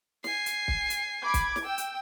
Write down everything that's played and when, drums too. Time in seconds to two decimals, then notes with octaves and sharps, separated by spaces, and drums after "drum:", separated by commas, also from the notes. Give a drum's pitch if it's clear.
0.24 G#5 C7, drum: snare
0.46 drum: hi-hat
0.68 drum: kick
0.90 drum: hi-hat
1.23 B5 D6 G#6
1.34 drum: kick, hi-hat
1.56 drum: snare
1.65 G5 E6
1.78 drum: hi-hat